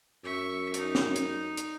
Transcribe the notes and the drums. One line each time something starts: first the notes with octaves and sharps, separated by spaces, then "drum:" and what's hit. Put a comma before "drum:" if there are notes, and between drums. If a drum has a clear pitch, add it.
F#2 E5 C#6
D#4, drum: hi-hat
drum: snare
drum: hi-hat
drum: hi-hat